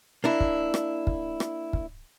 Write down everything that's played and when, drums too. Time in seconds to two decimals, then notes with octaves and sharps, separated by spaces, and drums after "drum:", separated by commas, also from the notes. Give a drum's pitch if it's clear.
0.24 A#3 D4 E4
0.40 drum: kick
0.74 drum: rim click
1.07 drum: kick
1.40 drum: rim click
1.73 drum: kick